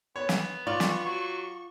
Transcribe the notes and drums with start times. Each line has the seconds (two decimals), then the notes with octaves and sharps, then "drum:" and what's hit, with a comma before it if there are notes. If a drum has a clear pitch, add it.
0.16 B3 C#5
0.29 drum: snare
0.67 F4 D5 C#6
0.80 drum: snare
1.06 F#3